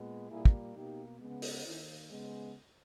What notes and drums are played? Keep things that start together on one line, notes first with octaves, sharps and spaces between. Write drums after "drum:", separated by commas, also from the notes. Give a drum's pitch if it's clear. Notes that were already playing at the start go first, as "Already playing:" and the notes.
Already playing: A#2 G#3 B3
A#2 G3 A#3 E4 G#4
drum: kick
B2 A#3 D#4 G4
C#3 G#3 B3
drum: open hi-hat
D#3 A#3 C#4 E4
C#3 G#3 B3